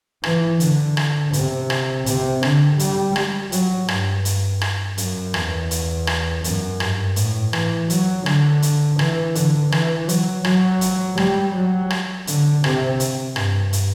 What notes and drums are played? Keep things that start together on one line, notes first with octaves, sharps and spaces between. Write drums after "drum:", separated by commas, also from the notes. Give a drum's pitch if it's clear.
E3, drum: rim click
D3, drum: hi-hat
drum: rim click
C3, drum: hi-hat
drum: rim click
C3, drum: hi-hat
D3, drum: rim click
G3, drum: hi-hat
drum: rim click
F#3, drum: hi-hat
G2, drum: rim click
drum: hi-hat
drum: rim click
F#2, drum: hi-hat
E2, drum: rim click
drum: hi-hat
drum: rim click
F#2, drum: hi-hat
G2, drum: rim click
A2, drum: hi-hat
E3, drum: rim click
F#3, drum: hi-hat
D3, drum: rim click
drum: hi-hat
E3, drum: rim click
D3, drum: hi-hat
E3, drum: rim click
F#3, drum: hi-hat
F#3, drum: rim click
drum: hi-hat
G3, drum: rim click
F#3
drum: rim click
D3, drum: hi-hat
C3, drum: rim click
drum: hi-hat
G2, drum: rim click
drum: hi-hat